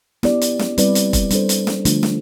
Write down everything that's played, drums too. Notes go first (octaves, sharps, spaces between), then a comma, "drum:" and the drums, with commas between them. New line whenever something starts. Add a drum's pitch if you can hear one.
B3 E4 G4 D5, drum: snare
drum: hi-hat
drum: snare
G3 C4 E4 B4 D5, drum: hi-hat
drum: hi-hat
drum: kick, hi-hat
G3 D4 A4 C5, drum: hi-hat
drum: hi-hat
drum: snare
D3 F3 A3 D4 F4, drum: hi-hat
drum: snare